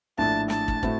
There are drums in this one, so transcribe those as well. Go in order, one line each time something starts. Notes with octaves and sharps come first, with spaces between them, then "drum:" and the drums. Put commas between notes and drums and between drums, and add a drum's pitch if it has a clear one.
A#1 A2 A3 D4 A5
A5, drum: snare
drum: kick
A2 A3 C4 F#4, drum: kick